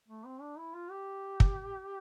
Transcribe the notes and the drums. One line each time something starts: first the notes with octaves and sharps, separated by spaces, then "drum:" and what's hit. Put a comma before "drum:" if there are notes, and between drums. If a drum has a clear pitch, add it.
A3
C4
D4
E4
F4
G4
drum: kick